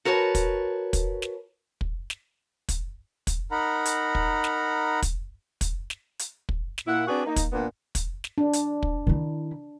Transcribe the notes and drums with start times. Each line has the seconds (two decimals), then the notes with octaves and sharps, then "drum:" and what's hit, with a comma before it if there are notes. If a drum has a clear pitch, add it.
0.05 F#4 A#4 B4 C#5 A5
0.35 drum: kick, hi-hat
0.93 drum: kick, hi-hat
1.22 drum: snare
1.81 drum: kick
2.10 drum: snare
2.69 drum: kick, hi-hat
3.27 drum: kick, hi-hat
3.51 D#4 A#4 F#5 A#5 B5
3.85 drum: hi-hat
4.15 drum: kick
4.44 drum: snare
5.02 drum: kick, hi-hat
5.61 drum: kick, hi-hat
5.90 drum: snare
6.19 drum: hi-hat
6.49 drum: kick
6.78 drum: snare
6.87 A#2 E4 F#5
7.08 C4 D4 F#4 G#4 B4 D5
7.26 A#3 D#4
7.36 drum: kick, hi-hat
7.53 A#2 B3 D4
7.95 drum: kick, hi-hat
8.24 drum: snare
8.38 D4
8.53 drum: hi-hat
8.83 drum: kick
9.07 D#3 E4